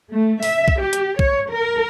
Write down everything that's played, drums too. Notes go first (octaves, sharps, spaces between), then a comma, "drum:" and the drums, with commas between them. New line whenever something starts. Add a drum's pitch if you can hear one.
A3
E5, drum: open hi-hat
drum: kick
G4
drum: hi-hat
C#5, drum: kick
A#4